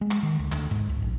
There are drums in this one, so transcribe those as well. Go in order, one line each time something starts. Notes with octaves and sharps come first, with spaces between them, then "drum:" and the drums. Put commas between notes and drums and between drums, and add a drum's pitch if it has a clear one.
G#3
drum: clap
D#3
D2
D2, drum: clap
G#2, drum: kick B1
C#2
A#1